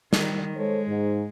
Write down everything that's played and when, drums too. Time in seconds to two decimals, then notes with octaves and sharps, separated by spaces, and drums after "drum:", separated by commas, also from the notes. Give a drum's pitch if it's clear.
0.13 D#3 G3, drum: snare
0.56 G#3 A4 C5 C#5
0.88 G#2